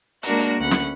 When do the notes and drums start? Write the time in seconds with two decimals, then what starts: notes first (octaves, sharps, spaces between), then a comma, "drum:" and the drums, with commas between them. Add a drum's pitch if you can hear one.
0.23 G#3 A#3 D4 F#4 A#4, drum: hi-hat
0.39 drum: hi-hat
0.60 D2 C#4 F#5 B5
0.71 drum: snare